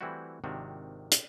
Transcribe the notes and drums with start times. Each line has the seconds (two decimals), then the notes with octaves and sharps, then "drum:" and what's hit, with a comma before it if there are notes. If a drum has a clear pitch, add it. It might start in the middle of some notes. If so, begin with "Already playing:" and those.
0.01 E3 G3 A3 C4 E4 F#4
0.44 G#1 C3 D#3 F3 D4 F#4
1.12 drum: hi-hat